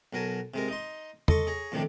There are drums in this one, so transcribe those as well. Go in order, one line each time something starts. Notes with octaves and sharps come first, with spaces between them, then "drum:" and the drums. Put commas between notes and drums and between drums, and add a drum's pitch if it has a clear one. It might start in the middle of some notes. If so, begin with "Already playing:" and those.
B1 F#3 A#4 G#5 A5
C3 G#3 A#4
D#4 D#5 C6
A4 D#5 C6 C#6, drum: tom E2
G#4 C#5 A#5
F2 A2 C3 D#3 G3 D4